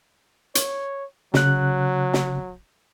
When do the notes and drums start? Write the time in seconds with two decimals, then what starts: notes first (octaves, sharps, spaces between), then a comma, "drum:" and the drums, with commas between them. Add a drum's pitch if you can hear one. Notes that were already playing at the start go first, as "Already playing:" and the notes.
0.55 C#5, drum: hi-hat
1.34 C#3 F#3 F#6, drum: snare
2.14 drum: snare